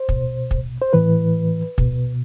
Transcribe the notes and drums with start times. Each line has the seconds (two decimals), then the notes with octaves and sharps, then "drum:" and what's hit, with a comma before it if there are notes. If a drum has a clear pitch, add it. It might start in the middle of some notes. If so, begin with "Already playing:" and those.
Already playing: C5
0.09 B2, drum: kick
0.51 drum: kick
0.82 C5
0.93 A2 E3 B4
1.78 B2, drum: kick